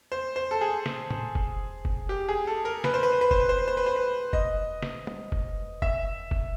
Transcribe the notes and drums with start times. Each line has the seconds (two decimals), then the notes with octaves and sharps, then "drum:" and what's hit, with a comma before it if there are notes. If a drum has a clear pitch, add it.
0.12 C5
0.36 C5
0.51 A4
0.61 G#4
0.86 drum: snare
1.11 drum: tom
1.35 drum: kick F1
1.85 drum: kick F1
2.09 G4
2.29 G#4
2.47 A4
2.65 A#4
2.84 B4, drum: snare
2.94 C5
3.03 B4
3.12 C5
3.21 B4
3.31 C5, drum: kick F1
3.40 B4
3.49 C5
3.58 B4
3.68 C5
3.77 B4
3.86 C5
3.96 B4
4.33 D#5, drum: kick F1
4.82 drum: snare
5.07 drum: tom
5.32 drum: kick F1
5.82 E5, drum: kick F1
6.31 drum: kick F1